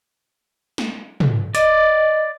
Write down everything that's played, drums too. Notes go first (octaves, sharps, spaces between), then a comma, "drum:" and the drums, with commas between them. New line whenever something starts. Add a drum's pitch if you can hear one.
drum: snare
drum: tom
D5 D#5, drum: hi-hat